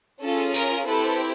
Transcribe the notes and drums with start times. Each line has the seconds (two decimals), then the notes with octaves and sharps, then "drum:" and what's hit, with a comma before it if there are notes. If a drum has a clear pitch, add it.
0.22 C#4 F4 G#4 A4
0.54 A#4, drum: tambourine
0.87 C4 E4 G4 A4 B4